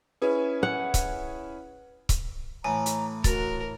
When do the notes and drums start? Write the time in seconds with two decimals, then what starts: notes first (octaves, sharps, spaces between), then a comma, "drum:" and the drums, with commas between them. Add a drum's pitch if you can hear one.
0.22 C#4 E4 G#4 B4
0.63 F#5
0.94 drum: kick C#1, hi-hat
2.09 drum: kick C#1, hi-hat
2.64 A2 E3 G#5 A#5
2.86 drum: hi-hat
3.24 F#4 A#4 A6, drum: kick C#1, hi-hat